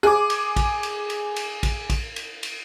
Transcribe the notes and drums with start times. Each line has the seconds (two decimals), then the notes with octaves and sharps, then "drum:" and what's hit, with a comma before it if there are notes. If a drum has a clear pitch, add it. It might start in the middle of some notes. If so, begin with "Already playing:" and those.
0.03 G#4 D6
0.30 drum: cymbal
0.56 drum: kick, cymbal
0.83 drum: cymbal
1.10 drum: cymbal
1.36 drum: cymbal
1.63 drum: kick, cymbal
1.90 drum: kick, cymbal
2.16 drum: cymbal
2.43 drum: cymbal